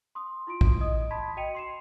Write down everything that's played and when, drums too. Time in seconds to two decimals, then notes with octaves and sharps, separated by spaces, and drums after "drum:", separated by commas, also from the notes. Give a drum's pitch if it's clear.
0.15 C6 D#6
0.47 E4 F4 C6 D7
0.61 drum: kick A#1
0.81 D#5 D#6
1.11 A5 B5 C6 G#6 B6
1.37 F#4 D#5 G5 C#7 D#7 F7
1.55 C6 C7 E7